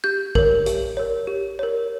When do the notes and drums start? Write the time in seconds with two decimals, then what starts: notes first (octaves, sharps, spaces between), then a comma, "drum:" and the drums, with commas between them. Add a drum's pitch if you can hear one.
0.04 G4 G6
0.35 A#4 C#5, drum: kick A#1
0.66 G4, drum: hi-hat
0.97 A#4 C#5
1.27 G4
1.59 A#4 C#5